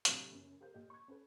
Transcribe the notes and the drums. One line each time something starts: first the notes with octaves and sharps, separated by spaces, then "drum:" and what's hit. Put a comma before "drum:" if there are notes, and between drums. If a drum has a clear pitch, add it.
A2 C3 F#3 D4 F#4 G4, drum: hi-hat
F#1 F#2 B3
G4 A#4 C5 F5 G6
A#2 G4 D#5
C#6 G#6
C#4 A4 B4